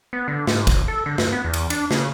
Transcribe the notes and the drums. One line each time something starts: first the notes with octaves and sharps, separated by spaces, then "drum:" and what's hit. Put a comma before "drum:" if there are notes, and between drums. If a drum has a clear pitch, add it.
B3
D3
G#2, drum: snare
E1, drum: kick, cymbal
A4
D3
G2, drum: snare
B3
E2
drum: cymbal
D4, drum: cymbal
C#3, drum: snare